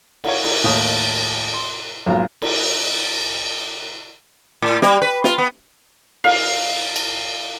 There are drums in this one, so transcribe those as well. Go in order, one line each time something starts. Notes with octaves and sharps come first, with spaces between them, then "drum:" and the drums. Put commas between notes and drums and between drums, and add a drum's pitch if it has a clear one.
C#5 F5 F#5, drum: cymbal
drum: cymbal
D#2 A2 A#3 D#6
C6
B1 G#2 F#3 A#3 F4 A#5
drum: cymbal
A2
G3, drum: snare
B4
F4, drum: snare
B3
F5, drum: cymbal
drum: cymbal